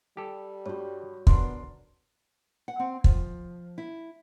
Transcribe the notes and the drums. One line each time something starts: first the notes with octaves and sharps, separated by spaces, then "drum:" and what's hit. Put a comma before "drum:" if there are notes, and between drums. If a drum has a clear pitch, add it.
G3 G4 A4
G2 F#4 C#5
B3 D4 A#4 C6, drum: kick
F#5
C4
F3, drum: kick
E4